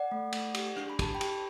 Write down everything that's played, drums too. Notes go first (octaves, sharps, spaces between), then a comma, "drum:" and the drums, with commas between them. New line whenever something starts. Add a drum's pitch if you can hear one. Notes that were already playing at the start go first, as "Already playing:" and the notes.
Already playing: D5 F#5
A3
A3, drum: cymbal
G4, drum: cymbal
D4, drum: rim click
B5
G4 A5, drum: kick, cymbal
G5 B5
G4, drum: cymbal